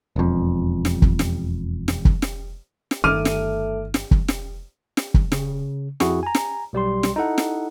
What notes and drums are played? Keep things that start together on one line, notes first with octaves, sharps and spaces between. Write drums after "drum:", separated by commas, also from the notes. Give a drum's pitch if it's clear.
E1 F2
drum: snare
drum: kick
drum: snare
drum: snare
drum: kick
drum: snare
drum: snare
G1 D#3 A3 D6 F6 D#7
drum: snare
drum: snare
drum: kick
drum: snare
drum: snare
drum: kick
C#3, drum: snare
F2 E4 F#4 G#4, drum: snare
G#5 A#5
drum: snare
B1 G3 G4 C6
drum: snare
D#4 E4 A4 F#5
drum: snare